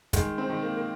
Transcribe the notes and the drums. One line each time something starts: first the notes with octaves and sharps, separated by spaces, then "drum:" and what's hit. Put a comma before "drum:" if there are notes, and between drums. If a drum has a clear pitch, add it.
D#3 G#3, drum: kick, hi-hat
C4
D#3
A#3
A#3